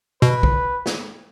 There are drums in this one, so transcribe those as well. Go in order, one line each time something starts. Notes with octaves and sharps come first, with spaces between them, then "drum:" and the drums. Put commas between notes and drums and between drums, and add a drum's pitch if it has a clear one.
B2 B4
drum: kick
drum: snare